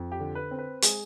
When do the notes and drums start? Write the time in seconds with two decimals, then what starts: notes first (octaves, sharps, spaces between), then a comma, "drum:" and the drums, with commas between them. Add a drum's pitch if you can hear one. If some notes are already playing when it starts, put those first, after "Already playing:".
Already playing: F2
0.12 G4
0.20 D3
0.35 B4
0.51 C4
0.58 B4
0.82 G#3 G#4, drum: hi-hat